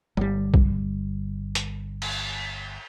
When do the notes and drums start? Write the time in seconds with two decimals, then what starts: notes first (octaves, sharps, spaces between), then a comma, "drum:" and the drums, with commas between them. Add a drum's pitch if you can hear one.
0.17 G1 G3, drum: tom G3
0.54 drum: kick B1
1.55 drum: hi-hat
2.02 drum: cymbal